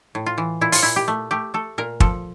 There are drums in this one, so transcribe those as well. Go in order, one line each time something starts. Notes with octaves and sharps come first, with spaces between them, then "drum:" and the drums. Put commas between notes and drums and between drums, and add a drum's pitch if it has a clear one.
A2
F4
E3
A#2 E4
F4, drum: open hi-hat
A#2 E4
G4
A3
A3 G4
A3 A4
A#2 A#4
F3 A4, drum: kick